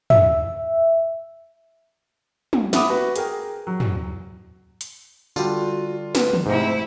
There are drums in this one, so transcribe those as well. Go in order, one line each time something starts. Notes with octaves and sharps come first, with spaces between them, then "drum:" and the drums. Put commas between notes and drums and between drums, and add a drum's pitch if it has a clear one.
E5, drum: tom
drum: tom
E5 F#5 B5 D6 D#6, drum: snare
F#4 B4
G#4 A#4 G5, drum: hi-hat
F#3
drum: tom
drum: hi-hat
D3 G3 F4 F#4, drum: tambourine
B4, drum: snare
drum: tom
G#2 C3 A3 E4 C5